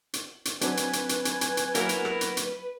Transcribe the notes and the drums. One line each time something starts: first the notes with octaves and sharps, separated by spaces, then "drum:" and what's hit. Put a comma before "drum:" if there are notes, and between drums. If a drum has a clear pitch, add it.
drum: hi-hat
drum: hi-hat
F#3 C4 D4 B4 G#5, drum: hi-hat
drum: hi-hat
drum: hi-hat
drum: hi-hat
drum: hi-hat
drum: hi-hat
drum: hi-hat
F#3 A#3 B3 E4 A#4, drum: hi-hat
drum: hi-hat
drum: rim click
drum: hi-hat
drum: hi-hat